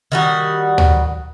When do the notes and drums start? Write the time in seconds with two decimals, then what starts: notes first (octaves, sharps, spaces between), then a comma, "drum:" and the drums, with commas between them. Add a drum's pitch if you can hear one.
0.12 D#3 G3 F#4
0.78 drum: tom